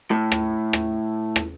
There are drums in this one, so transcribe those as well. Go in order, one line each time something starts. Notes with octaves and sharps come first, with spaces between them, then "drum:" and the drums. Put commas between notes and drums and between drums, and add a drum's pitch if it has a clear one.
A2
drum: rim click
drum: rim click
drum: rim click